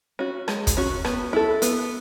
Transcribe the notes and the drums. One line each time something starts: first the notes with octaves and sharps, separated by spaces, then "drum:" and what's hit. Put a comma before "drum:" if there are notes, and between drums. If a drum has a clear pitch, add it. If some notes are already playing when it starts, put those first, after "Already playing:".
C#4 F#4
G#3, drum: rim click
drum: kick, hi-hat
C#4 F#4
B3, drum: rim click
E4 A4
B3, drum: hi-hat